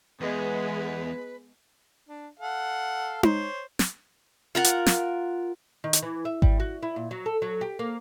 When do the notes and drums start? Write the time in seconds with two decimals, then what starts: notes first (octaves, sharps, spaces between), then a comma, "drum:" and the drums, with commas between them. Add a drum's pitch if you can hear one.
0.21 E2 G#3 B3 B4
2.09 D4
2.39 A4 F5 F#5
3.23 C5 C#5, drum: tom D#4
3.79 drum: snare
4.55 F4 A#4 F#5
4.64 drum: hi-hat
4.86 drum: snare
5.84 D#3
5.93 drum: hi-hat
6.02 E3
6.25 E5
6.42 G3, drum: kick G#1
6.60 F#4
6.82 E4
6.96 A#2
7.11 F#3
7.26 A4
7.42 F#3
7.61 G4
7.79 A#3